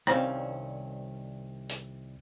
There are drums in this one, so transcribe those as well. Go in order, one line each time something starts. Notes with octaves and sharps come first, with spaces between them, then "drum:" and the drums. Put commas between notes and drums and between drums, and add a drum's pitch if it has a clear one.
C2 D#3 G3 C4 C#4 F5, drum: rim click
drum: hi-hat